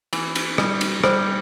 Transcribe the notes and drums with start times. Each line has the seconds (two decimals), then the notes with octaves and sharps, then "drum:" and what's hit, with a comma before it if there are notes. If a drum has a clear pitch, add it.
0.13 E3, drum: cymbal
0.35 drum: cymbal
0.58 G3, drum: rim click
0.81 drum: cymbal
1.04 G3 C5, drum: rim click